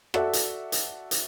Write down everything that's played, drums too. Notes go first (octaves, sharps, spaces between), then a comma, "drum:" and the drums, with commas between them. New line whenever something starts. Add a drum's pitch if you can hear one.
F#4 A4 D5 E5 F#5, drum: rim click
drum: hi-hat
drum: hi-hat
drum: hi-hat